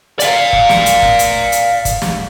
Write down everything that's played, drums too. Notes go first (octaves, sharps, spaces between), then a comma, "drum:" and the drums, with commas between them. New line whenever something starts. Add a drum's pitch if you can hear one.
D5 F5, drum: hi-hat
drum: kick
drum: snare
drum: hi-hat
drum: kick
drum: hi-hat
drum: hi-hat
drum: kick, hi-hat
drum: snare